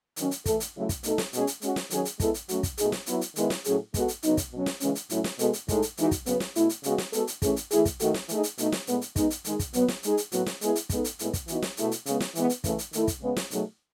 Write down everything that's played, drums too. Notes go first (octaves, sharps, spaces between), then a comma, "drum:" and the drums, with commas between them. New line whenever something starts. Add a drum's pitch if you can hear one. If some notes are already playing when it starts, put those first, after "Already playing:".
D#3 F#3 C#4, drum: hi-hat
drum: hi-hat
E3 A3 E4 A4, drum: kick, hi-hat
drum: hi-hat
C#3 F#3 A3 E4
drum: kick, hi-hat
B2 A3 D#4 A4, drum: hi-hat
drum: snare
B2 G#3 C#4 G#4, drum: hi-hat
drum: hi-hat
G#3 C#4 F#4, drum: hi-hat
drum: snare
D#3 F#3 C#4 G#4, drum: hi-hat
drum: hi-hat
G#3 B3 E4 A4, drum: kick, hi-hat
drum: hi-hat
F#3 A3 C#4 F#4, drum: hi-hat
drum: kick, hi-hat
B2 A3 D#4 G#4, drum: hi-hat
drum: snare
F#3 B3 E4, drum: hi-hat
drum: hi-hat
D#3 G#3 B3 E4, drum: hi-hat
drum: snare
A2 F#3 C#4 G#4, drum: hi-hat
G#3 B3 F#4 A4, drum: kick, hi-hat
drum: hi-hat
C#3 F#3 B3 D#4, drum: hi-hat
drum: kick, hi-hat
B2 F#3 C#4
drum: snare
C#3 E3 G#3 C#4, drum: hi-hat
drum: hi-hat
A2 F#3 A3 C#4 E4, drum: hi-hat
drum: snare
B2 G#3 B3 F#4 A4, drum: hi-hat
drum: hi-hat
A2 G#3 D#4 A4, drum: kick, hi-hat
drum: hi-hat
E3 G#3 D#4 F#4, drum: hi-hat
drum: kick, hi-hat
C#3 F#3 B3, drum: hi-hat
drum: snare
B2 A3 E4, drum: hi-hat
drum: hi-hat
C#3 G#3 B3 F#4, drum: hi-hat
drum: snare
G#3 B3 F#4 A4, drum: hi-hat
drum: hi-hat
E3 A3 C#4 G#4, drum: kick, hi-hat
drum: hi-hat
E3 A3 E4 G#4, drum: hi-hat
drum: kick, hi-hat
D#3 A3 D#4 F#4 A4, drum: hi-hat
drum: snare
E3 A3 D#4 G#4, drum: hi-hat
drum: hi-hat
B2 A3 D#4, drum: hi-hat
drum: snare
A2 G#3 B3, drum: hi-hat
drum: hi-hat
G#3 B3 D#4, drum: kick, hi-hat
drum: hi-hat
D#3 G#3 D#4 G#4, drum: hi-hat
drum: kick, hi-hat
B2 F#3 B3, drum: hi-hat
drum: snare
G#3 D#4 G#4, drum: hi-hat
drum: hi-hat
A2 F#3 B3 F#4, drum: hi-hat
drum: snare
G#3 B3 E4 G#4, drum: hi-hat
drum: hi-hat
G#3 B3 D#4 A4, drum: kick, hi-hat
drum: hi-hat
A2 G#3 B3 E4 G#4, drum: hi-hat
drum: kick, hi-hat
E3 B3 D#4 F#4, drum: hi-hat
drum: snare
B2 A3 E4 G#4, drum: hi-hat
drum: hi-hat
C#3 G#3 B3, drum: hi-hat
drum: snare
E3 G#3 B3, drum: hi-hat
drum: hi-hat
C#3 E3 A3, drum: kick, hi-hat
drum: hi-hat
D#3 A3 E4 A4, drum: hi-hat
drum: kick, hi-hat
C#3 G#3 B3
drum: snare
B2 F#3 A3 D#4 G#4, drum: hi-hat